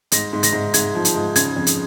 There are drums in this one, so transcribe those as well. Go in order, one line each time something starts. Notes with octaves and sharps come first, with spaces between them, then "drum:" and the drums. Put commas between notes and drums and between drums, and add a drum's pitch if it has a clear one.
G#2 A#6, drum: hi-hat
G#2
A#6, drum: hi-hat
G#2
G#2 G#6, drum: hi-hat
F3
drum: hi-hat
G#2
C#3 G#6, drum: hi-hat
F2
drum: hi-hat